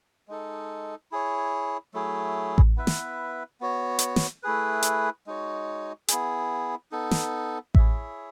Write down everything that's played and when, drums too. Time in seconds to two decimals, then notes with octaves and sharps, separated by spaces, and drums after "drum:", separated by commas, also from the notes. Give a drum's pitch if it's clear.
0.28 G#3 D#4 A4
1.12 E4 G#4 C#5
1.94 F#3 A3 E4 G#4
2.58 drum: kick A1
2.77 B3 E4 B4 E5
2.87 drum: snare
3.61 B3 F#4 C#5
3.99 drum: hi-hat
4.16 drum: snare
4.43 A3 E4 G#4 B4
4.83 drum: hi-hat
5.26 G#3 D#4 F#4 C#5
6.08 B3 E4 G#4, drum: hi-hat
6.92 B3 D#4 A4
7.11 drum: snare
7.75 E4 G#4 C#5 E5, drum: kick A1